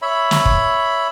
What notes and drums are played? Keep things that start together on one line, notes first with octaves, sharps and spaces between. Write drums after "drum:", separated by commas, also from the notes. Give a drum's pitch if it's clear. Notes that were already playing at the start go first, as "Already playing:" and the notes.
C#5 E5 B5
drum: snare
drum: kick